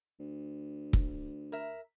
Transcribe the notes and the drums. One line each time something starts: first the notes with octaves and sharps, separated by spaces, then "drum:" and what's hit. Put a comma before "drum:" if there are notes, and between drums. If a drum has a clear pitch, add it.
D2
drum: kick
A#4 E5